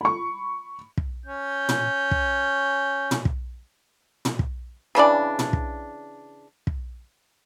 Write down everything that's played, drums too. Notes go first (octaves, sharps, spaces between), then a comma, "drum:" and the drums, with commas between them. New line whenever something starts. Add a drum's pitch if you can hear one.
B5 C#6
drum: kick
C#4 G6
drum: tom
drum: kick
drum: tom
drum: kick
drum: tom
drum: kick
C#3 E3 D4 D5
drum: tom
drum: kick
drum: kick